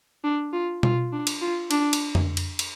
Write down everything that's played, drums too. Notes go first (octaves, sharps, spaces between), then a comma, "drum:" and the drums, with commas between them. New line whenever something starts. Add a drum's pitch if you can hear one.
D4
F4
F4, drum: tom B2
D4
drum: cymbal
F4
D4, drum: cymbal
drum: cymbal
drum: tom F2
drum: cymbal
drum: cymbal